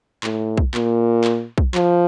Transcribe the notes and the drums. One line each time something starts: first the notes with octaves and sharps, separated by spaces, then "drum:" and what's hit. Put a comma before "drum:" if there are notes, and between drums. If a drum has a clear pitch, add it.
A2, drum: clap
drum: kick B1
A#2, drum: clap
drum: clap
drum: kick B1
F3, drum: clap